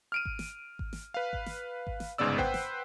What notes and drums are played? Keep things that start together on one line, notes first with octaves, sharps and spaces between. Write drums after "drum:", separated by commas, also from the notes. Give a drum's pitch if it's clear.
F6 D7 D#7
drum: kick G#1
drum: snare
drum: kick G#1
drum: snare
B4 F5
drum: kick G#1
drum: snare
drum: kick G#1
drum: snare
G1 G#2 C#3 B3 D5 E6
B4 C5 F#5 G5, drum: kick G#1
drum: snare